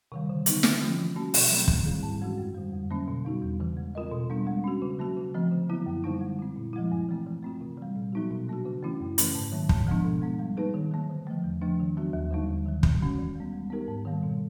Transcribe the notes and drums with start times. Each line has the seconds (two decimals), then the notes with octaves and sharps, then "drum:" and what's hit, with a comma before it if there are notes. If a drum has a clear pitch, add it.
0.12 C3 D#3 G3
0.29 D3
0.46 F#3 B3 D#4, drum: hi-hat
0.63 D3, drum: snare
0.82 F3 A3 C#4 F4
0.98 E3
1.16 G3 A#3 C#4 F#4
1.34 B2, drum: open hi-hat
1.50 F#3 A3 C4
1.68 D#3, drum: kick
1.85 G3 C4 E4 G#4
2.03 G#2
2.21 E3 G#3 C#4 F#4
2.38 F#2
2.55 D3 G3
2.72 F2
2.90 D3 F#3 A#3 C#4
3.08 B2
3.25 G3 B3 D#4 F#4
3.42 E2
3.60 C#3 E3
3.77 G#3
3.95 C4 F4 A#4 D#5
4.12 B2
4.30 G3 B3 D4
4.47 G#3
4.64 C#4 F#4
4.82 C#3
4.99 F#3 A#3 C#4 F#4
5.16 C#3
5.34 F3 A3 C4
5.51 D3
5.70 F#3 B3 E4
5.86 F#2
6.04 D3 G3 A#3 D#4
6.21 G#3
6.39 C4 E4
6.56 A#2
6.73 F3 G#3 C4 E4
6.92 G2
7.09 E3 A3 C4
7.26 E3
7.43 A3 C4 F4
7.61 C3
7.78 E3 G3
7.96 A#2
8.12 F#3 B3 D#4 F#4
8.31 B2
8.48 F#3 A#3 D4 F#4
8.65 C#3
8.83 E3 A3 C#4 E4
9.00 F#2
9.18 C#3 E3 A3 C#4, drum: hi-hat
9.35 G#2
9.52 D#3 F#3 A#3
9.69 G#2, drum: kick
9.87 F3 G#3 B3 D4
10.05 B2
10.22 G#3 B3
10.39 G3
10.57 A#3 D#4 G#4 B4
10.74 D#3
10.91 F#3 A#3
11.10 D3
11.27 F3 A3
11.44 E2
11.62 C#3 F3 A3 D4
11.80 D#3
11.97 F#3 B3 D4 F#4
12.13 D#2
12.31 D3 G3 A#3 D#4
12.49 D#2
12.66 D#3 F#3
12.83 D#3, drum: kick
13.01 G#3 C#4 F#4
13.18 E3
13.35 G3 B3
13.53 G#3
13.70 B3 D#4 G4 A#4
13.88 G#2
14.05 D#3 G3 A#3
14.23 B2